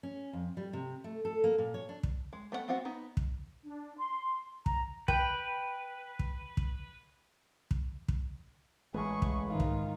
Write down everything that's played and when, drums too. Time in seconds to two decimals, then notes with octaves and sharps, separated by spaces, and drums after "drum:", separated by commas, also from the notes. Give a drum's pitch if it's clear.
0.03 C#4
0.33 F2
0.57 G3
0.73 C3
1.04 A3
1.25 A4
1.44 A#3
1.58 A#2
1.74 C#5
1.89 D4
2.03 drum: kick
2.33 G#3
2.52 A3 B3 C#5 F#5
2.68 B3 C4 F4 F#4 F#5
2.85 B3 D#4
3.17 drum: kick
3.63 D4
3.97 C6
4.66 A#5, drum: kick
5.08 B4 G5, drum: kick
6.19 drum: kick
6.57 drum: kick
7.71 drum: kick
8.09 drum: kick
8.94 A1 E3 G#3 A3 G#4 B4 C#6
9.22 drum: kick
9.48 G#2 D#3 D#4 F4
9.60 drum: kick